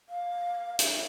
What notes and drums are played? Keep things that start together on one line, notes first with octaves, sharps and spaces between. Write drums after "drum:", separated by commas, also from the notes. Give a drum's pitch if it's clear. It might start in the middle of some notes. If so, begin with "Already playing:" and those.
F5
E5, drum: hi-hat